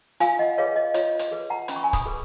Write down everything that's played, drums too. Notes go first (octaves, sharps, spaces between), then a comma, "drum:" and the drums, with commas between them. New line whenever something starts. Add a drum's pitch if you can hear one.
F4 F5 G#5, drum: hi-hat
D#5 F#5
G#4 B4 C#5 F5
D#5
F4 C#5, drum: hi-hat
drum: hi-hat
G#4 B4
F#5 A#5
C#4 B5, drum: hi-hat
C#6
G#5 B5
B5 D#6, drum: kick C#1, hi-hat
G#4 B4